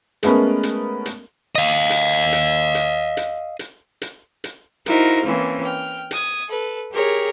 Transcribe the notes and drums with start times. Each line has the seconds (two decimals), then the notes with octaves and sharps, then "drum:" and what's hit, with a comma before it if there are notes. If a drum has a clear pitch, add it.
0.23 G#3 A3 B3 C#4 A#4, drum: hi-hat
0.63 drum: hi-hat
1.06 drum: hi-hat
1.55 D#5 F5
1.90 drum: hi-hat
2.32 drum: hi-hat
2.75 drum: hi-hat
3.17 drum: hi-hat
3.59 drum: hi-hat
4.02 drum: hi-hat
4.44 drum: hi-hat
4.86 D#4 E4 F#4 A#4 C5 F5, drum: hi-hat
5.24 E3 A#3 C4 C#4
5.62 G5 F6
6.11 D#6 G#6, drum: hi-hat
6.48 A4 B4
6.91 G4 G#4 A#4 C#5